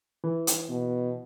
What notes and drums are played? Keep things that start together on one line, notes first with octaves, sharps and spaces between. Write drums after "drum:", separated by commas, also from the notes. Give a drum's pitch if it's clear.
E3
drum: hi-hat
B2